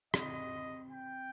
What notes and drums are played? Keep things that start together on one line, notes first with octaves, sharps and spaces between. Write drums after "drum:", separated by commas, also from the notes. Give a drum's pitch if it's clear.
C4 D#5, drum: rim click
G5